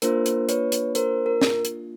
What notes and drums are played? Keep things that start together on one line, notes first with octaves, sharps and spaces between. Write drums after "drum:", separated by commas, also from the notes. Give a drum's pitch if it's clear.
A#3 D4 F4 A#4 C5, drum: hi-hat
drum: hi-hat
B4 C#5, drum: hi-hat
drum: hi-hat
A#4 C5, drum: hi-hat
A#4
drum: snare
drum: hi-hat